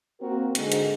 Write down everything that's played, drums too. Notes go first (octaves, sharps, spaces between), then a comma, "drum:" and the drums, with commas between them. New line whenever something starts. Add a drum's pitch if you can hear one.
A#3 C4 F#4 A#4
G#2 D3, drum: hi-hat
drum: hi-hat